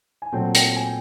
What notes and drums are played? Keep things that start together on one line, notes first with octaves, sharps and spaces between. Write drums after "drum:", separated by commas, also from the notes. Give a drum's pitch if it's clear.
G#5
A#2 F#3 A3 C4 G5
G5, drum: hi-hat
G#5